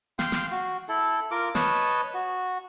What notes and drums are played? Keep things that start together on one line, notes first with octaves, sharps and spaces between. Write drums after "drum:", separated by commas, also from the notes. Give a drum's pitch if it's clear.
F5 G5 C6, drum: snare
drum: snare
F#4
E4 A4
F4 A#4 D6
B4 C#5 D#5 A5, drum: snare
F#4